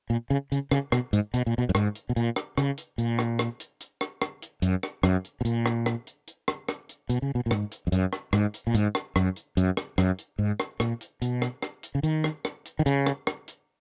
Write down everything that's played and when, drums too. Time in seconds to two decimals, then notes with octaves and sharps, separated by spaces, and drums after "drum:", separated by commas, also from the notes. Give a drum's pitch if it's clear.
0.10 A#2
0.30 C#3
0.52 C#3, drum: hi-hat
0.71 C#3, drum: rim click
0.92 B2, drum: rim click
1.13 G#2, drum: hi-hat
1.34 B2, drum: hi-hat
1.46 A#2
1.58 B2
1.69 F#2
1.75 G#2, drum: rim click
1.95 drum: hi-hat
2.09 B2
2.16 A#2, drum: hi-hat
2.36 drum: rim click
2.58 C#3, drum: rim click
2.78 drum: hi-hat
2.98 A#2, drum: hi-hat
3.19 drum: rim click
3.39 drum: rim click
3.60 drum: hi-hat
3.80 drum: hi-hat
4.01 drum: rim click
4.22 drum: rim click
4.42 drum: hi-hat
4.62 F#2, drum: hi-hat
4.83 drum: rim click
5.03 F#2, drum: rim click
5.24 drum: hi-hat
5.41 B2
5.45 A#2, drum: hi-hat
5.66 drum: rim click
5.86 drum: rim click
6.07 drum: hi-hat
6.27 drum: hi-hat
6.48 drum: rim click
6.69 drum: rim click
6.89 drum: hi-hat
7.09 B2, drum: hi-hat
7.22 C#3
7.35 B2
7.46 A#2
7.51 G#2, drum: rim click
7.71 drum: hi-hat
7.87 F2
7.92 F#2, drum: hi-hat
8.13 drum: rim click
8.33 G#2, drum: rim click
8.54 drum: hi-hat
8.67 A#2
8.74 G#2, drum: hi-hat
8.95 drum: rim click
9.16 F#2, drum: rim click
9.36 drum: hi-hat
9.57 F#2, drum: hi-hat
9.77 drum: rim click
9.98 F#2, drum: rim click
10.18 drum: hi-hat
10.39 G#2
10.60 drum: rim click
10.80 A#2, drum: rim click
11.01 drum: hi-hat
11.22 B2, drum: hi-hat
11.42 drum: rim click
11.62 drum: rim click
11.83 drum: hi-hat
11.95 C#3
12.03 D#3, drum: hi-hat
12.24 drum: rim click
12.45 drum: rim click
12.65 drum: hi-hat
12.79 D#3
12.86 C#3, drum: hi-hat
13.07 drum: rim click
13.27 drum: rim click
13.48 drum: hi-hat